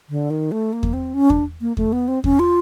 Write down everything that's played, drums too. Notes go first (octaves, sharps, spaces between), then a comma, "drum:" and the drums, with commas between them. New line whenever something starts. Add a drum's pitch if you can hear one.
D3
D#3
A3
A#3
drum: kick E2
C4
C#4
D4, drum: kick E2
A#3
A3, drum: kick E2
B3
C4
C#4, drum: kick E2
F4